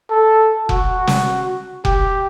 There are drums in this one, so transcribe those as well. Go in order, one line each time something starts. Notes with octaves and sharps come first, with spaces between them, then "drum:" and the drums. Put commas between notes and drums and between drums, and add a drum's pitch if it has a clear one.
A4
F#4, drum: kick F1
drum: snare
G4, drum: kick F1